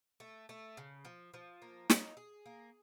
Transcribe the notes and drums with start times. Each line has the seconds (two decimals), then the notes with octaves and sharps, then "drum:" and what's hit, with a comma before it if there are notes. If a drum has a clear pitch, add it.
0.20 A3
0.49 A3
0.77 C#3
1.05 F3
1.34 F3
1.62 A#3
1.90 D#4, drum: snare
2.17 G#4
2.46 A#3